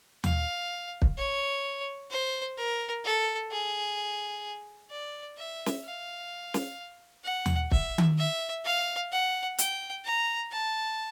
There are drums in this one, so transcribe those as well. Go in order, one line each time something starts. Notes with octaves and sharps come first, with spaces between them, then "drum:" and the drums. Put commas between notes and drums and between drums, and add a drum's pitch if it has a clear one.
F5, drum: tom D#2
drum: kick
C#5
C5
A#4
A4
G#4
D5
E5
drum: snare
F5
drum: snare
F#5
drum: tom D#2
E5, drum: kick
drum: tom D#3
E5
F5
F#5
G5, drum: hi-hat
A#5
A5